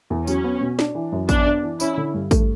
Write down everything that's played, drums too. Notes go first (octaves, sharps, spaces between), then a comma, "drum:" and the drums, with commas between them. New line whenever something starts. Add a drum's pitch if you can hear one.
E2
F#3 C#4, drum: tambourine
B3
B2
D4, drum: snare
E3
F#2
B3 D4, drum: kick, tambourine
D4
E3
C#4 E4, drum: tambourine
D3
G2
A3, drum: kick, tambourine